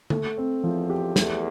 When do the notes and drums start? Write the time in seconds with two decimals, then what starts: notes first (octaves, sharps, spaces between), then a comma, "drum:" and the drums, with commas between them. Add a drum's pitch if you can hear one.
0.10 A3, drum: tom D3
0.38 C4
0.63 E2 F3
0.90 G4
1.16 E2 A3, drum: snare